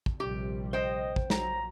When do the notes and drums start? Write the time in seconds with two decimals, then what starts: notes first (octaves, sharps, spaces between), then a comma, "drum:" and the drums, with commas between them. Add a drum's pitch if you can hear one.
0.06 drum: kick
0.20 A#1 C3 G3 G4
0.73 C5 D#5 G5
1.16 drum: kick
1.30 A#1 F#3 A#5, drum: snare